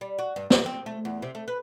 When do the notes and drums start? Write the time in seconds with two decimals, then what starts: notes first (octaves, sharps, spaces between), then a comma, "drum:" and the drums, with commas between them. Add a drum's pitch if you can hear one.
0.01 G3
0.19 F#4
0.36 G2
0.50 E3, drum: snare
0.66 C4
0.86 A3
1.05 E2
1.22 C3
1.35 A3
1.48 B4